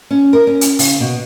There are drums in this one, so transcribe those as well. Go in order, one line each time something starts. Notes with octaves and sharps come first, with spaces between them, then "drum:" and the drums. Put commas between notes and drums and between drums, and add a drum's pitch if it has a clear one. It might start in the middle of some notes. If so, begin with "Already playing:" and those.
C#4
A#4
C#4
drum: hi-hat
C#3, drum: open hi-hat
B2